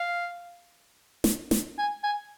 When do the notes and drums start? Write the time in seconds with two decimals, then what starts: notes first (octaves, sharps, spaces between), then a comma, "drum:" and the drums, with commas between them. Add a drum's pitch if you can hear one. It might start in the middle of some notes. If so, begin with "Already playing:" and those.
Already playing: F5
1.24 drum: snare
1.51 drum: snare
1.78 G#5
2.03 G#5